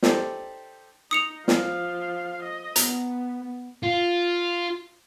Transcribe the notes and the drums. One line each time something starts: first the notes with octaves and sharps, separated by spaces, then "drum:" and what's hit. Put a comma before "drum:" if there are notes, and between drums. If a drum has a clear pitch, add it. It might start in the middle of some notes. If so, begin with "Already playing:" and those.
D#4 G4 A4 C5 D5, drum: snare
D#4 D#6 C#7 F7
F3 F5, drum: snare
D#5
B3 A#5, drum: hi-hat
F4